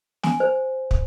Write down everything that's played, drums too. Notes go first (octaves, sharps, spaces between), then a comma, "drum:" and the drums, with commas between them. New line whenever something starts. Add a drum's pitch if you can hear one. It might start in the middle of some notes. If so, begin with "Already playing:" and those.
G#5, drum: snare
C5
drum: kick